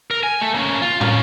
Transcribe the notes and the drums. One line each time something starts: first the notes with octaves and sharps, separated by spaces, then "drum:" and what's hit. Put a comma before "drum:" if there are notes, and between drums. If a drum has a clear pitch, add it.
A#4
G#5
A3
A#3 C#4
F4
C#4 F4, drum: tom